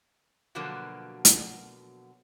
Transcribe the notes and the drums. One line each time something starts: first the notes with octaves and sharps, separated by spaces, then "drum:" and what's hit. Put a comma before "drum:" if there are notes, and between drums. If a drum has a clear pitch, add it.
B2 D3 F3 F#3 A#3 B3
drum: hi-hat